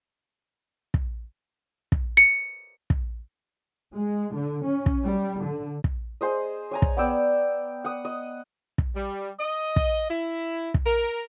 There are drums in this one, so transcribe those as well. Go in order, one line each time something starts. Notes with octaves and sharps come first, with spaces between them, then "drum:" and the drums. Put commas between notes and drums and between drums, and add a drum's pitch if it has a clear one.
drum: kick
drum: kick
C#7
drum: kick
G#3
D3
C#4
drum: kick
G3
D3
drum: kick
G#4 C5 D#5
C#5 G#5 A#5
drum: kick
B3 D5 G5 E6
F#5 D#6
D#5
drum: kick
G3
D#5
drum: kick
E4
drum: kick
A#4